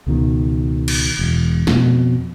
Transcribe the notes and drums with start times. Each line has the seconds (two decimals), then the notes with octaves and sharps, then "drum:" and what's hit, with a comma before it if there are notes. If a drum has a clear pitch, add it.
0.07 C#2 B2 D#3
0.88 drum: cymbal
1.19 E1
1.67 F2 B2, drum: snare